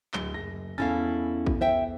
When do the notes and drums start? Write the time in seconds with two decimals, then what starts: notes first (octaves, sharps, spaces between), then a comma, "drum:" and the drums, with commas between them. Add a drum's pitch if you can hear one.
0.14 D1 G7, drum: clap
0.34 F#1 A#6
0.78 E2 C#4 E4 A4 F5 A6
1.47 drum: kick
1.61 C5 E5 G5